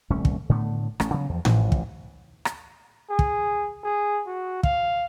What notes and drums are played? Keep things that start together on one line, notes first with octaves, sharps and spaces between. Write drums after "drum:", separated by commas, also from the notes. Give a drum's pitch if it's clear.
D#1 C2 A3 C#4
drum: kick
A2 D3 A3 B3
A1 A3 C#4, drum: rim click
C#3 F#3 B3
E2 F3
A1 E3 F3, drum: tom A2
drum: kick
drum: rim click
G#4
drum: kick
G#4
F#4
F5, drum: kick